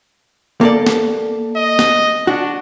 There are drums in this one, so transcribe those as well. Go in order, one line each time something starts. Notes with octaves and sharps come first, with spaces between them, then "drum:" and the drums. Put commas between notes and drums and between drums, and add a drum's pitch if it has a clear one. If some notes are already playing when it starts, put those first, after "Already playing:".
A#3 A4 D5
drum: snare
D#5
drum: snare
D4 F#4